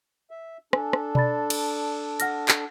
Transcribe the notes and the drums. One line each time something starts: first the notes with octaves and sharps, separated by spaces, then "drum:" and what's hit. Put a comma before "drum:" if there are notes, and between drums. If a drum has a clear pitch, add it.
E5
D4 A4 G#5, drum: rim click
drum: rim click
D5 B5 A6, drum: tom B2
drum: cymbal
F#5 F6 A#6, drum: hi-hat
drum: clap